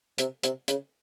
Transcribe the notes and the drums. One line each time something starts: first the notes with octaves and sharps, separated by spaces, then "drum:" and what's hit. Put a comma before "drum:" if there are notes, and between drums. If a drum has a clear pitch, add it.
C3, drum: hi-hat
C3, drum: hi-hat
C#3, drum: hi-hat